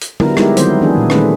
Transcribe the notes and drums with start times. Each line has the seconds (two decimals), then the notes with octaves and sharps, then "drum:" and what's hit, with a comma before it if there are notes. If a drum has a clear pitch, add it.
0.02 drum: hi-hat
0.20 D3 F#3 G3 B3 E4 A#4, drum: tom G3
0.37 G#3 B3 D#4 E4 G4 A#4, drum: rim click
0.57 D#3 F#3 B3 C4 C5, drum: hi-hat
0.81 E3 B3 D4 G#4 A4
0.97 A#2
1.10 D#3 G#3 A3 C#4 B4, drum: rim click